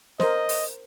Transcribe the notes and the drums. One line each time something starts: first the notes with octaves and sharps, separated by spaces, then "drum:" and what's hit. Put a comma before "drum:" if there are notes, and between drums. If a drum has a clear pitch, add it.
A#4 C5 D#5, drum: snare
drum: open hi-hat